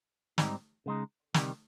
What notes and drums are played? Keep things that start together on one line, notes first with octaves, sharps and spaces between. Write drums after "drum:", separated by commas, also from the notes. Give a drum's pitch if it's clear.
G#2 G3 C4 D#4, drum: snare
C#3 G#3 D#4
C3 D#3 G3, drum: snare